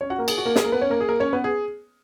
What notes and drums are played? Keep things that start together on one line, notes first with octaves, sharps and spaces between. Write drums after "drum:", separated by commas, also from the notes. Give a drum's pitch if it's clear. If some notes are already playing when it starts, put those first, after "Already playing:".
C#4 C#5
F#4 F#5
A#3 A#4
G#4, drum: cymbal
F#4
A#3 A#4
G#4, drum: snare
A#3 A#4
B3 B4
C#4 C#5
A#3 A#4
G#4
A#3 A#4
C#4 C#5
B3 B4
G#4